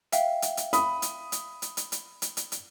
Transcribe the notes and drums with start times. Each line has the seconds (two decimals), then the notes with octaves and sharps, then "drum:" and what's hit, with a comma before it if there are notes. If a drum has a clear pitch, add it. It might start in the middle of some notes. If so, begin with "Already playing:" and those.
0.12 E5 F5 G5, drum: hi-hat
0.42 drum: hi-hat
0.57 drum: hi-hat
0.73 B5 D#6, drum: hi-hat
1.02 drum: hi-hat
1.32 drum: hi-hat
1.62 drum: hi-hat
1.77 drum: hi-hat
1.92 drum: hi-hat
2.22 drum: hi-hat
2.37 drum: hi-hat
2.52 drum: hi-hat